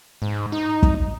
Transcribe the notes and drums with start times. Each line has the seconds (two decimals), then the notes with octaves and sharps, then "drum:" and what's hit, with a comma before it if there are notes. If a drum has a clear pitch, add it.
0.22 G#2
0.52 D#4
0.83 drum: kick